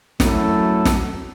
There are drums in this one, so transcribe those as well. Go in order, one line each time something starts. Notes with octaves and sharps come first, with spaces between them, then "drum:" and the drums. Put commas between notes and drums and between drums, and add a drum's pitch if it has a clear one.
F#2 F#3 A3 E4 A4, drum: snare
drum: snare